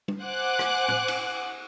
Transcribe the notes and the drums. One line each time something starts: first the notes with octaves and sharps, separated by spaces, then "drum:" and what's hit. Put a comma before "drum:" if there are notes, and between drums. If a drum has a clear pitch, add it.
drum: tom
C5 F#5 G#5 D6 F#6
drum: rim click
drum: tom A2
drum: cymbal